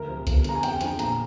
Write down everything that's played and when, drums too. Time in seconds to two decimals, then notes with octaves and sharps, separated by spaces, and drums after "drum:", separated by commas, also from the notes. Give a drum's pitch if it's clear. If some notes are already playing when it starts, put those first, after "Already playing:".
Already playing: D2 A#4
0.08 C3 F3
0.27 G1, drum: kick C2, hi-hat
0.44 G2 D3 A#5, drum: hi-hat
0.55 G#5
0.63 F2 G5, drum: hi-hat
0.81 D3 F3 G#5, drum: hi-hat
0.99 A#1 A#5, drum: hi-hat